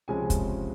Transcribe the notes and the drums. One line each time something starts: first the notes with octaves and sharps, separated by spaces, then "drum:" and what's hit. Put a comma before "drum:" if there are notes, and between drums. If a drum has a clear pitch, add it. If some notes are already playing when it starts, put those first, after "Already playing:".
C#2 C3 F3 G#3 C#4 G#5
drum: kick, hi-hat